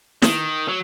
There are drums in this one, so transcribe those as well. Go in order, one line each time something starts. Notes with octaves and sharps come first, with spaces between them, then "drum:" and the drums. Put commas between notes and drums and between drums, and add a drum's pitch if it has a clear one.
D#3, drum: snare
F#3